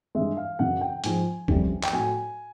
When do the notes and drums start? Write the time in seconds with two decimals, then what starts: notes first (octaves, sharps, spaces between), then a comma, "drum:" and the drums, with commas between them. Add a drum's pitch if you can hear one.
0.15 G2 E3 G#3 E5
0.37 F5
0.59 F#2 C#3 E3 F#5
0.81 G5
1.04 G#2 F3 G#3 G#5, drum: hi-hat
1.48 F2 C#3 E3 G3, drum: kick
1.83 G5, drum: clap
1.93 A2 F#3 G#5